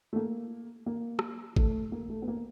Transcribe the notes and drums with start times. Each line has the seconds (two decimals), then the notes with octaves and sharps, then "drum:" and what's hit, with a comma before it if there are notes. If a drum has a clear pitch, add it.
0.13 A3
0.16 A#3
0.86 A#3
1.19 drum: rim click
1.56 A3, drum: kick G#1
1.92 A#3
2.09 A3
2.22 B3
2.28 A#3